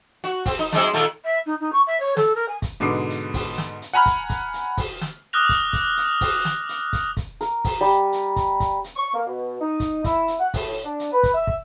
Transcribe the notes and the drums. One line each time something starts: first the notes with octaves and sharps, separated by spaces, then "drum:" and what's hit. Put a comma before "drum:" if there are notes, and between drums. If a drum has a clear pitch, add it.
F#4, drum: hi-hat
C4, drum: kick, open hi-hat
D#4
F#2 G#3 C4, drum: snare
A#2 D#3 A3, drum: hi-hat
E5
D#4
D#4
C#6
E5
C#5
A4, drum: snare
A#4
G#5
drum: kick, hi-hat
G#2 B2 D3 D6 C7
drum: hi-hat
drum: kick, open hi-hat
drum: snare
drum: hi-hat
F#5 G#5 A#5 B5 F6
drum: kick, hi-hat
drum: kick, hi-hat
drum: hi-hat
drum: kick, open hi-hat
drum: snare
D6 D#6 F6 F#6 A#6 F7
drum: kick, hi-hat
drum: kick, hi-hat
drum: hi-hat
drum: kick, open hi-hat
drum: snare
drum: hi-hat
drum: kick, hi-hat
drum: kick, hi-hat
A#4, drum: hi-hat
drum: kick, open hi-hat
G3
drum: hi-hat
drum: kick, hi-hat
drum: kick, hi-hat
drum: hi-hat
C#6
A#3
B2
D#4
drum: kick, hi-hat
E4, drum: kick, hi-hat
drum: hi-hat
F#5
A2, drum: kick, open hi-hat
D4
drum: hi-hat
B4
drum: kick, hi-hat
E5
drum: kick